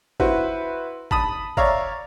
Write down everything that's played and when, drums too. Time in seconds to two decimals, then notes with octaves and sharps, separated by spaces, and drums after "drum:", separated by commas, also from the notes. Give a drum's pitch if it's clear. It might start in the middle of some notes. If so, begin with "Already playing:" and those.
0.20 E4 F#4 B4 C5, drum: kick
1.11 A5 B5 D#6, drum: kick
1.57 C#5 D5 E5 F5 A#5, drum: kick